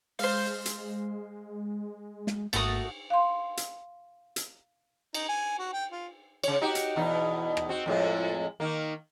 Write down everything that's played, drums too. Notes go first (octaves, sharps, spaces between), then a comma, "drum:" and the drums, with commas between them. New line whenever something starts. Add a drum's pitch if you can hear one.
G#3 C5 F5, drum: open hi-hat
drum: hi-hat
drum: snare
G#1 G#2 A3 A#3 F#4 D#6 A6, drum: cymbal
F5 C6
drum: hi-hat
drum: hi-hat
D#4, drum: cymbal
G#5
F#4
G5
F4
C#3 C#5, drum: cymbal
D#4 F#4 G4
drum: hi-hat
E2 B2 D#4
drum: rim click
C4 F#4
F2 A2 G#3
D#3 A#3